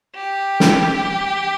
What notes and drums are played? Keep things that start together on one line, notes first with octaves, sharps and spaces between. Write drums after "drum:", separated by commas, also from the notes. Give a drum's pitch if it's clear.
G4
drum: snare